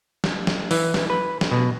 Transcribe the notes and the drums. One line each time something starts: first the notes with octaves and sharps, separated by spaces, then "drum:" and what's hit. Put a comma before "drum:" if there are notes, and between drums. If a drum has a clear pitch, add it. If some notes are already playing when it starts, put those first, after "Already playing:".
drum: snare
drum: snare
E3, drum: open hi-hat
drum: snare
B4
drum: snare
B2